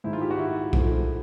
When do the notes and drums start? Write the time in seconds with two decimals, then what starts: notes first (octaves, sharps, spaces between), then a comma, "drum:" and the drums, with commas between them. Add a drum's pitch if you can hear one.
0.04 G#2 D#3 G#3 E4
0.13 F4
0.21 G4
0.31 F#4
0.39 E4
0.73 G#2 F3 A3, drum: kick B1